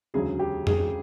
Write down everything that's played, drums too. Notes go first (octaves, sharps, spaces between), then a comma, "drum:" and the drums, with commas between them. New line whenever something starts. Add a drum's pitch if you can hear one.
E1 D2 C#3 F#3 G#4
G4
G#4, drum: tom F2